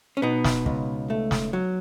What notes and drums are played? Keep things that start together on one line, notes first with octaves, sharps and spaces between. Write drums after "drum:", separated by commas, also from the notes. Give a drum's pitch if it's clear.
C#4
B2 B3 D#4
drum: snare
C#2, drum: kick
A3
drum: snare
F#3